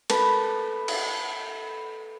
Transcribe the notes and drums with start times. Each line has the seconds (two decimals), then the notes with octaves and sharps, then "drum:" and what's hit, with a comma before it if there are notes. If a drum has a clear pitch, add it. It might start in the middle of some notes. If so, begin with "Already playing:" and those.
0.10 A4 B4 B5, drum: cymbal
0.88 drum: cymbal